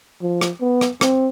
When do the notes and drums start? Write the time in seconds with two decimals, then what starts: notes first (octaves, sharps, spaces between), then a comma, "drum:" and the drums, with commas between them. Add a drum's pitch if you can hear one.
0.22 F3
0.41 drum: rim click
0.61 B3
0.81 drum: rim click
1.01 C4, drum: rim click